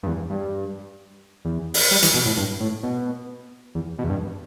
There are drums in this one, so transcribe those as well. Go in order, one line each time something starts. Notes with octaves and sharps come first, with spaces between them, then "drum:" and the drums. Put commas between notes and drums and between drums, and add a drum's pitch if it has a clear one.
G2
E2
G2
E2
drum: open hi-hat
G3
E3, drum: hi-hat
B2
A2
G2
A2
B2
E2
B2
E2
G2